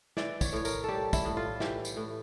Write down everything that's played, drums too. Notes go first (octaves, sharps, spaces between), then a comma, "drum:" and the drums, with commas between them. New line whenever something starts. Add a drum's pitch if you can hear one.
E3 D5, drum: snare
C#5, drum: kick, tambourine
A2 C#5
A#4, drum: tambourine
G3 G4 A4
E4, drum: kick, tambourine
A2
F4
E3 G4, drum: snare
drum: tambourine
A2